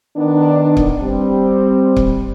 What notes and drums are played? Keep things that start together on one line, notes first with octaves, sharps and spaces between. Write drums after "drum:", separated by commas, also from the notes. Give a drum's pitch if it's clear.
D#3 B3 D4
drum: kick C#1
G3 C4
drum: kick C#1